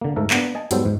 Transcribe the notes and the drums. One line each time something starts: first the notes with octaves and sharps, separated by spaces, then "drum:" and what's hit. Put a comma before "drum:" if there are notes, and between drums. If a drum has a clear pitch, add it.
D3 A#3
G#2 A3 A4 A#4
A#3 B3 D4, drum: clap
D#5 G#5 A5
G#2 F#3 G3 B3 A4 C5, drum: hi-hat
G#2